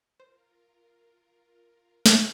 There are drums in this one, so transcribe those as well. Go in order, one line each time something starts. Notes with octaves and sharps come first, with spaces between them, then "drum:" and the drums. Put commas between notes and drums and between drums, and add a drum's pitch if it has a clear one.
F4 A#4 C5
drum: snare